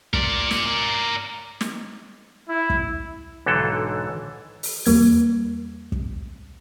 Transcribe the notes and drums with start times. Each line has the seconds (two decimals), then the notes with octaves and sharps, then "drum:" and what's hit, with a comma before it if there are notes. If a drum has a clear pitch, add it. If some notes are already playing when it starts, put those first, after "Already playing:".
0.14 A#4 D5, drum: kick
0.51 drum: snare
1.61 drum: snare
2.49 E4
2.70 drum: kick
3.46 B1 G#2 D3 E3 A4
4.63 drum: open hi-hat
4.86 E2 G3 A#3 G#6, drum: open hi-hat
5.92 drum: kick